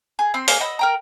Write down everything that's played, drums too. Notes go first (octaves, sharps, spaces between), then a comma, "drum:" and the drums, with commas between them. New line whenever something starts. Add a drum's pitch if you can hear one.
G#4
C4 C6
A#3 G#4 F#5, drum: open hi-hat
D#5 F#5 B5 E6
A#4 G5 A#5